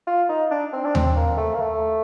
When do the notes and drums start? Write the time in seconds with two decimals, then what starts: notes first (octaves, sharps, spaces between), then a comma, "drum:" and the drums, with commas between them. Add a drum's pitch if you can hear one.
0.07 F4
0.29 D#4
0.51 D4
0.73 C4
0.85 D4
0.95 C4, drum: tom D#2
1.16 A#3
1.37 A3
1.54 A#3
1.60 A3